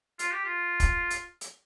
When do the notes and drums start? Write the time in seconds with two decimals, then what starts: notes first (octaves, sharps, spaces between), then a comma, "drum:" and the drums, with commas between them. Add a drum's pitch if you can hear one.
0.19 F4, drum: hi-hat
0.31 G4
0.45 F4
0.80 drum: kick, hi-hat
1.10 drum: hi-hat
1.41 drum: hi-hat